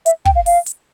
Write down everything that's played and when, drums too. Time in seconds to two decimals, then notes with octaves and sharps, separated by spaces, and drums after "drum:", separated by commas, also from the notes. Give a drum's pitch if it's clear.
0.06 E5, drum: hi-hat
0.25 G5, drum: kick
0.35 F5
0.46 F5, drum: open hi-hat
0.66 drum: hi-hat